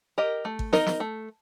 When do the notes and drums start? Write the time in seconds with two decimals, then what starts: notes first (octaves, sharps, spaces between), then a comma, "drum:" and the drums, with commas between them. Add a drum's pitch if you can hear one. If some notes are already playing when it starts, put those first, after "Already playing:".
0.18 G4 A#4 D#5
0.45 A3
0.59 drum: kick G#1
0.73 D#4 A#4 D#5, drum: snare
0.86 drum: snare
1.00 A3